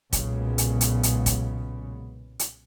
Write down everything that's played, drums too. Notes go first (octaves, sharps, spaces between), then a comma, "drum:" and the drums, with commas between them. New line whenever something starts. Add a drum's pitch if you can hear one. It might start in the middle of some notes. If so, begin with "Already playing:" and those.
B1 A#2 C#3 G#3 B3, drum: kick, hi-hat
drum: hi-hat
drum: hi-hat
drum: hi-hat
drum: kick, hi-hat
drum: hi-hat